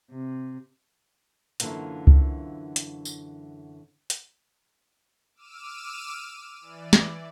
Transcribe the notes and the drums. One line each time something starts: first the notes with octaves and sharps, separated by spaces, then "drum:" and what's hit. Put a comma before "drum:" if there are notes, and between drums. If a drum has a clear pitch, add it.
C3
F#2 D3 E3 A#3 F4, drum: hi-hat
drum: kick C#2
drum: hi-hat
drum: tambourine
drum: hi-hat
D6 E6 F6 D#7 E7
E3 D5
drum: snare